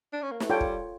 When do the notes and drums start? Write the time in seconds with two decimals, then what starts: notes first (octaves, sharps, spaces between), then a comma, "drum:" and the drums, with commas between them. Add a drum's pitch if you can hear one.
0.13 D4
0.22 C#4
0.31 A#3
0.40 A3, drum: snare
0.50 G3 F4 A4 C#5 G5
0.61 drum: kick